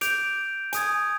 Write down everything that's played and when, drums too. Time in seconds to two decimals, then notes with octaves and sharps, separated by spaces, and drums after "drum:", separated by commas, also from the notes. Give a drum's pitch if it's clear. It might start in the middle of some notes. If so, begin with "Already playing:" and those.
0.01 D6 G6 D7 F7, drum: hi-hat
0.73 G#5 D#6 G#6, drum: hi-hat